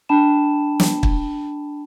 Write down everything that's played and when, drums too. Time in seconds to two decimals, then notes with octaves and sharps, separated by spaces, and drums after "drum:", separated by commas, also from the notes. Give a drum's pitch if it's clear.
0.09 D4 G5 A5 B5 E7
0.80 drum: snare
1.03 drum: kick